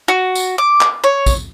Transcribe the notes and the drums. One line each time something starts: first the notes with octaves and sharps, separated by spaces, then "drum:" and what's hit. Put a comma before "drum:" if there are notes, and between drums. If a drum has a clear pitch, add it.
F#4
drum: tambourine
D6
drum: clap
C#5
drum: kick, tambourine